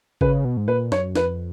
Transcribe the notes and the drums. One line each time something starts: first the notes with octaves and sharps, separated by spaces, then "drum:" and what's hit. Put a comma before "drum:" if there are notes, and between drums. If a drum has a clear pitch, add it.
C#3 B4, drum: kick G#1
B2
G#2
A#2 B4
F#2 C#5, drum: snare
F2 B4, drum: snare